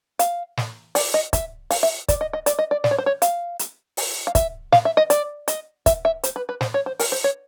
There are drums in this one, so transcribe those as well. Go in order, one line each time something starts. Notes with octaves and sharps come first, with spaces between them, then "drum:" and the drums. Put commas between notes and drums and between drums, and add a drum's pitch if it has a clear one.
F5, drum: hi-hat
drum: snare
D5, drum: open hi-hat
D#5
E5, drum: kick, hi-hat
F5, drum: open hi-hat
E5
D5, drum: kick, hi-hat
D#5
D#5
D5, drum: hi-hat
D#5
D5
D5, drum: snare
C#5
C5
C#5
F5, drum: hi-hat
drum: hi-hat
drum: open hi-hat
F5
E5, drum: kick, hi-hat
F5, drum: snare
E5
D#5
D5, drum: hi-hat
D#5, drum: hi-hat
E5, drum: kick, hi-hat
E5
C5, drum: hi-hat
B4
B4
C5, drum: snare
C#5
C5
A#4, drum: open hi-hat
C5
C#5